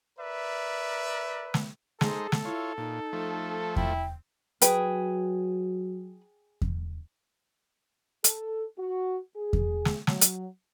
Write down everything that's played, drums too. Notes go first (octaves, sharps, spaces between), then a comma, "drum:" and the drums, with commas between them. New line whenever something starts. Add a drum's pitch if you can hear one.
A#4 B4 D5 E5
drum: snare
G#3 D#4 G#4 A4 C5, drum: snare
drum: snare
E4 F4 C#5
A#2 D#4
F3 A3
E4 G5, drum: kick E2
F#3 G#4 B4 G5, drum: hi-hat
drum: kick E2
A4, drum: hi-hat
F#4
G#4
drum: kick E2
drum: snare
F#3, drum: snare
drum: hi-hat